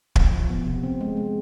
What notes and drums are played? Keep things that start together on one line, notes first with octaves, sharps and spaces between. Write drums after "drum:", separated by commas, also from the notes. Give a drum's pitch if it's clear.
F3, drum: kick
F4
B3
C3
C4
G#3
G#3